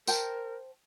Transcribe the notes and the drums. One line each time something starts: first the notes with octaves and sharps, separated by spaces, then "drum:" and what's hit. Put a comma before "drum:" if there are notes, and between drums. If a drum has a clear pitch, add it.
A#4 C5 G5 A5, drum: tambourine